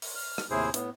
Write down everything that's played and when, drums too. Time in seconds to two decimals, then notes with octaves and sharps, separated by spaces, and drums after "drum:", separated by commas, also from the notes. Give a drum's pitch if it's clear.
0.02 drum: open hi-hat
0.15 F6
0.38 drum: rim click
0.50 D#2 A2 C3 E4 G#4 C5
0.74 A2 B3, drum: hi-hat